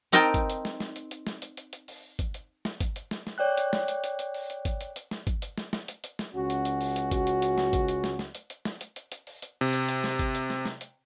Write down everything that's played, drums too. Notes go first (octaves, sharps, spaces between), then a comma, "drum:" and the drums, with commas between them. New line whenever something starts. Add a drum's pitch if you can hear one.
C4 D#4 A#4 D#5 G5 A5
drum: kick, hi-hat
drum: hi-hat
drum: snare
drum: snare
drum: hi-hat
drum: hi-hat
drum: snare
drum: hi-hat
drum: hi-hat
drum: hi-hat
drum: open hi-hat
drum: kick, hi-hat
drum: hi-hat
drum: snare
drum: kick, hi-hat
drum: hi-hat
drum: snare
drum: snare
C#5 D5 G5 F#6
drum: hi-hat
drum: snare
drum: hi-hat
drum: hi-hat
drum: hi-hat
drum: open hi-hat
drum: hi-hat
drum: kick, hi-hat
drum: hi-hat
drum: hi-hat
drum: snare
drum: kick, hi-hat
drum: hi-hat
drum: snare
drum: snare
drum: hi-hat
drum: hi-hat
drum: snare
C#2 C#4 F#4
drum: hi-hat
drum: hi-hat
drum: open hi-hat
drum: hi-hat
drum: kick, hi-hat
drum: hi-hat
drum: hi-hat
drum: snare
drum: kick, hi-hat
drum: hi-hat
drum: snare
drum: snare
drum: hi-hat
drum: hi-hat
drum: snare
drum: hi-hat
drum: hi-hat
drum: hi-hat
drum: open hi-hat
drum: hi-hat
C3
drum: hi-hat
drum: hi-hat
drum: snare
drum: kick, hi-hat
drum: hi-hat
drum: snare
drum: snare
drum: hi-hat